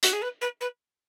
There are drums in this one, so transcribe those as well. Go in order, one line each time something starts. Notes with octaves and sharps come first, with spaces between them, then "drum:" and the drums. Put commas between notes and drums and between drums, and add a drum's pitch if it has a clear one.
F#4, drum: hi-hat
G#4
B4
B4
B4